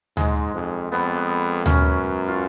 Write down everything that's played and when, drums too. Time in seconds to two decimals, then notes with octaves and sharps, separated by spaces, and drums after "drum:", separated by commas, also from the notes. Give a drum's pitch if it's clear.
0.17 G#2 G#3, drum: tom D2
0.55 F2
0.92 F2 B3
1.66 F#2 C#4, drum: tom D2
2.28 F4